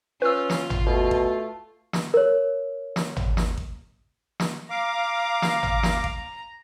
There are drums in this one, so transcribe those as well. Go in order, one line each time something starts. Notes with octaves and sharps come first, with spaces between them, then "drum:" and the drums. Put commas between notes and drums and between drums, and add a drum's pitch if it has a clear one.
C#4 F4 B4 E6
drum: snare
drum: tom G#1
B2 A3
drum: kick A1
drum: snare
A#4 C#5
drum: snare
drum: tom G#1
drum: snare
drum: kick A1
drum: snare
F5 A#5 D6
drum: snare
drum: tom G#1
drum: snare
drum: kick A1